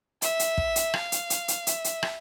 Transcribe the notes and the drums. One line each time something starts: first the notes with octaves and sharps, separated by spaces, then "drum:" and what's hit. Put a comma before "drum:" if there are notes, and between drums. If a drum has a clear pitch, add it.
E5, drum: hi-hat
drum: hi-hat
drum: kick
drum: hi-hat
F5, drum: rim click
drum: hi-hat
drum: hi-hat
drum: hi-hat
E5, drum: hi-hat
drum: hi-hat
drum: rim click